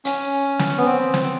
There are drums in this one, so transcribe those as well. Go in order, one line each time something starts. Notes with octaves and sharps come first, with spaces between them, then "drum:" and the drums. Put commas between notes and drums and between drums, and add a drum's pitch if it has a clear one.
C#4, drum: hi-hat
drum: snare
B3
C4
drum: snare